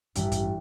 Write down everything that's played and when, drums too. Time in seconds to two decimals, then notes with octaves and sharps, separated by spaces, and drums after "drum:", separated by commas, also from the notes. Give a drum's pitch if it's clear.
0.15 A1 G2 E3 G3 E4, drum: hi-hat
0.32 drum: kick, hi-hat